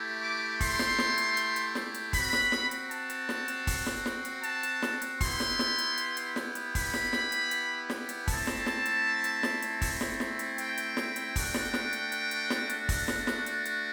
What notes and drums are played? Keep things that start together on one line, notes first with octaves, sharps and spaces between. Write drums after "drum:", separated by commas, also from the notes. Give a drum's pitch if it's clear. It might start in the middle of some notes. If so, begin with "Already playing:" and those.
Already playing: A3 E4 G4
D6
C6, drum: kick, open hi-hat
drum: snare
drum: snare
drum: hi-hat
drum: hi-hat
drum: hi-hat
drum: snare
drum: hi-hat
C4 F#4 B5, drum: kick, open hi-hat
drum: snare
drum: snare
drum: hi-hat
A5, drum: hi-hat
drum: hi-hat
drum: snare
drum: hi-hat
drum: kick, open hi-hat
drum: snare
drum: snare
drum: hi-hat
A5, drum: hi-hat
drum: hi-hat
drum: snare
drum: hi-hat
B3 E4 G4 C6, drum: kick, open hi-hat
drum: snare
drum: snare
drum: hi-hat
drum: hi-hat
drum: hi-hat
drum: snare
drum: hi-hat
B5, drum: kick, open hi-hat
drum: snare
drum: snare
drum: hi-hat
drum: hi-hat
drum: snare
drum: hi-hat
A3 C4 E4 A5, drum: kick, open hi-hat
drum: snare
drum: snare
drum: hi-hat
drum: hi-hat
drum: snare
drum: hi-hat
drum: kick, open hi-hat
drum: snare
drum: snare
drum: hi-hat
G5, drum: hi-hat
drum: hi-hat
drum: snare
drum: hi-hat
A3 D4 F#4, drum: kick, open hi-hat
drum: snare
drum: snare
drum: hi-hat
drum: hi-hat
drum: hi-hat
drum: snare
drum: hi-hat
drum: kick, open hi-hat
drum: snare
drum: snare
drum: hi-hat
drum: hi-hat